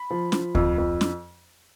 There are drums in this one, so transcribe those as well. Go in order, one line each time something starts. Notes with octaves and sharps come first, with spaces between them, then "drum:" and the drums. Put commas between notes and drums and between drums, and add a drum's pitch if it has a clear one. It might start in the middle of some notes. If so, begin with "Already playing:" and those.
Already playing: B5
F3
F3, drum: snare
F2, drum: kick D2
F2
drum: snare